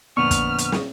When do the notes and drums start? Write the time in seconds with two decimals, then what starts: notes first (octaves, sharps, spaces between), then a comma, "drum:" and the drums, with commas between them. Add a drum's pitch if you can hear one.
0.17 F2 A#2 D3 B3 C#6 F6
0.31 drum: kick, hi-hat
0.58 drum: hi-hat
0.72 drum: snare